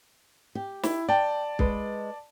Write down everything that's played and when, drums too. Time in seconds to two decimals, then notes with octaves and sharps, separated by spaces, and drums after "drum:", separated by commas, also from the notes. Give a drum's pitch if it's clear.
0.55 G4
0.83 E4, drum: snare
1.09 D5 G5 A5
1.59 G#3 B4, drum: kick